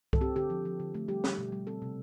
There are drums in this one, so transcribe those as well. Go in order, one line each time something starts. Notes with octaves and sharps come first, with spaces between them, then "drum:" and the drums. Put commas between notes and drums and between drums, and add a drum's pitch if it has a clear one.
A4, drum: kick C2
C4 G4
D3 G4
F3
F3
D3
A3
G3 G4
G3, drum: snare
B2
G3
C4 A4
C3